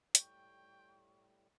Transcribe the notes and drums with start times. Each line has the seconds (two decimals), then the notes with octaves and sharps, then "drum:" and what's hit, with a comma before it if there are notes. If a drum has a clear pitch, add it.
0.15 A2 G3 G5 C#6, drum: hi-hat